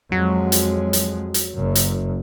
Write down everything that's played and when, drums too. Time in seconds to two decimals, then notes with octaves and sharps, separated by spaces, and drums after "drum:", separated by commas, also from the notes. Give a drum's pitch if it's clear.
0.12 F2 F#3 G#3
0.52 drum: hi-hat
0.93 drum: hi-hat
1.34 drum: hi-hat
1.55 F#1 F#2
1.75 drum: hi-hat